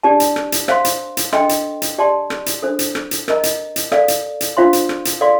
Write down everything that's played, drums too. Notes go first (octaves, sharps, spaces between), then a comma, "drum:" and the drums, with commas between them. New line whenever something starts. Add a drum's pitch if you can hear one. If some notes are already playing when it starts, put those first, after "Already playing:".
D4 G4 D5 A5
drum: hi-hat
drum: rim click
drum: hi-hat
C5 F5 C6, drum: rim click
drum: hi-hat
drum: hi-hat
D4 A4 D#5 G5 C6, drum: rim click
drum: hi-hat
drum: hi-hat
G4 D5 A5 C6
drum: rim click
drum: hi-hat
D4 A4 C5
drum: hi-hat
drum: rim click
drum: hi-hat
A#4 D#5 A#5, drum: rim click
drum: hi-hat
drum: hi-hat
A4 D5 F5, drum: rim click
drum: hi-hat
drum: hi-hat
D4 F4 C5 F5 C6
drum: hi-hat
drum: rim click
drum: hi-hat
A4 D5 F5 C6